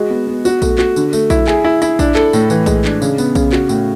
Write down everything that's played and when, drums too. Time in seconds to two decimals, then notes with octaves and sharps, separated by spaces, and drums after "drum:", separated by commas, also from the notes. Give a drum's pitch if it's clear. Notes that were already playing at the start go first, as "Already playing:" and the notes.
Already playing: G#3 F#4
0.10 B3
0.27 B3
0.45 F#4, drum: tambourine
0.62 A3, drum: kick A#1, tambourine
0.78 F#4, drum: clap
0.96 D3, drum: tambourine
1.13 A3, drum: tambourine
1.30 E4, drum: kick A#1, tambourine
1.47 G#4, drum: clap
1.64 E4
1.82 E4, drum: tambourine
1.99 D4, drum: kick A#1, tambourine
2.15 A4, drum: clap
2.33 A2, drum: tambourine
2.50 E3, drum: tambourine
2.66 G#3, drum: kick A#1, tambourine
2.85 D4, drum: clap
3.02 C#3, drum: tambourine
3.18 B3, drum: tambourine
3.35 C#3, drum: kick A#1, tambourine
3.52 F#4, drum: clap
3.69 A2, drum: tambourine